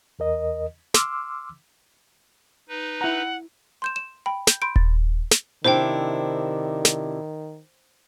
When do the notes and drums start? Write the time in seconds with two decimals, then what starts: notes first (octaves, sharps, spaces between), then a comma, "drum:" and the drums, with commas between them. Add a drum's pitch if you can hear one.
0.19 E2 A#4 D#5
0.94 C6 D6 E6 F6, drum: snare
2.69 D#4 B4
3.01 E4 F#5 A#5
3.82 C6 G6 E7
3.96 E7
4.26 G5 B5
4.47 G6, drum: snare
4.62 B5 C6 G6 D7
4.76 A6, drum: kick D#1
5.31 drum: snare
5.64 C3 D#3 D4 E4 C5 G5
6.85 drum: snare